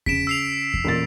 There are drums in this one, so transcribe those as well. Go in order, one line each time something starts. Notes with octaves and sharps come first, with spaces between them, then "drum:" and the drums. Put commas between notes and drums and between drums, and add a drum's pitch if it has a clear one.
C#3 B6 D7 E7, drum: kick E2
E6 C7 F7
drum: kick E2
A1 A#2 A6